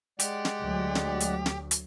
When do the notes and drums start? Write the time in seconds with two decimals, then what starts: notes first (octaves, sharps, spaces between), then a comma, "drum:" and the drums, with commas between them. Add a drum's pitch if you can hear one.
0.20 G#3 G4 D5 F#5, drum: hi-hat
0.45 drum: snare
0.62 D2 F#3
0.95 drum: snare
1.20 drum: hi-hat
1.46 drum: snare
1.71 drum: hi-hat